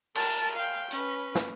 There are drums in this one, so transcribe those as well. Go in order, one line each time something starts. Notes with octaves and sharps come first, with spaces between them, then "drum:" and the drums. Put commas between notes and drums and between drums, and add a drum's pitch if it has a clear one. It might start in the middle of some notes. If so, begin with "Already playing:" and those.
A#4 A5, drum: cymbal
F5 G5
C#4 B4, drum: hi-hat
drum: snare